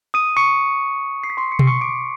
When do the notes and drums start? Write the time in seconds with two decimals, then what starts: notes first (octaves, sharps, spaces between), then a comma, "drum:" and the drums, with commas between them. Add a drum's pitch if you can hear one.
0.14 D#6 D#7
0.37 C#6 C#7
1.24 C7
1.30 B6
1.37 C6 C7
1.52 C#7
1.59 C7, drum: tom B2
1.67 C#6 C#7
1.81 D6 D7